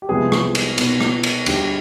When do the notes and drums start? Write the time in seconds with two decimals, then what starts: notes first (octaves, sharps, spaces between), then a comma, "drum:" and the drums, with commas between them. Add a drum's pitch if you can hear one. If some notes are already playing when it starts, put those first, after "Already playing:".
0.02 G4
0.09 C2 C3 F3 G#3 B3 G#4
0.32 drum: rim click
0.55 drum: cymbal
0.78 B2 B3, drum: cymbal
1.01 drum: rim click
1.23 drum: cymbal
1.46 D2 D3 G3 G4, drum: cymbal